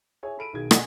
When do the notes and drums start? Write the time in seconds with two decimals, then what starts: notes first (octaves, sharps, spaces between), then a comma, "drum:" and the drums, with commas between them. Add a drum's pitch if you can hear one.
0.23 G#4 C#5 E5 G#5
0.38 A4 B5 D7 D#7
0.53 B1 D#3 G#4 G#6
0.71 A4 D5 D#5 F#5 G#5, drum: rim click